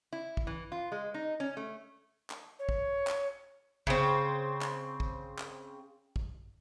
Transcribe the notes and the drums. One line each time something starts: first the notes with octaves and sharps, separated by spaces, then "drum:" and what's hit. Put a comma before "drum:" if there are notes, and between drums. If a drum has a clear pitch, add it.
E4
drum: kick
E3
F4
G#3
D#4
C#4
A3
drum: clap
C#5
drum: kick
drum: clap
C#3 C4, drum: kick
drum: clap
drum: kick
drum: clap
drum: kick